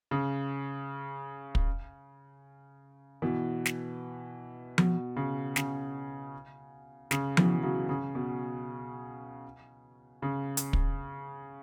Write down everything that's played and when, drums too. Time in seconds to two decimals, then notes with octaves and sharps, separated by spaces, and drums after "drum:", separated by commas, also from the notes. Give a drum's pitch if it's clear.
0.11 C#3
1.55 drum: kick
3.22 B2 E3
3.66 drum: snare
4.78 B2, drum: tom F3
5.16 C#3
5.56 C#3, drum: snare
7.11 C#3, drum: snare
7.37 B2 E3, drum: tom F3
7.63 C#3 F#3
7.89 C#3
8.15 B2
10.22 C#3
10.57 drum: hi-hat
10.73 drum: kick